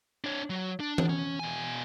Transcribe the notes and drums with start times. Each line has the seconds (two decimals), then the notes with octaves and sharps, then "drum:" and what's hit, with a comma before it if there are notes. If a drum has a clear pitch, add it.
0.24 D4 C#5
0.50 F#3
0.80 D4
0.98 drum: tom E3
1.09 C#4
1.39 B2 G#5